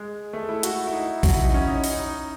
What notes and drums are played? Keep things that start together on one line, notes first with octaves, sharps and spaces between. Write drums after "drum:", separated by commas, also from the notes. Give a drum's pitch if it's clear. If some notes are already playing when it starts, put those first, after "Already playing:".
Already playing: G#3
A3
E4
F#4, drum: hi-hat
E4
D#4
F#4, drum: kick A#1, open hi-hat
E4
D#4
C#4
D#4
D#4, drum: open hi-hat
D#4